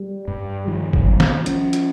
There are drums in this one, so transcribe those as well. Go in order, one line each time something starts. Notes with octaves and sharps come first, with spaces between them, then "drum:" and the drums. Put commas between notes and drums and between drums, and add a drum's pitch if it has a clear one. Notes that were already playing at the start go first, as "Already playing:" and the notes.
Already playing: G3
G2
D#3 F3
drum: kick G#1
G3
drum: snare
F3 C#4, drum: hi-hat
drum: hi-hat